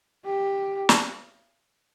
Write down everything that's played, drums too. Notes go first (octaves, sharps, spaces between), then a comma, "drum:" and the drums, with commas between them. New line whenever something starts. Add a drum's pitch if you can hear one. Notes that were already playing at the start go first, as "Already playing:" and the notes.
G4
drum: snare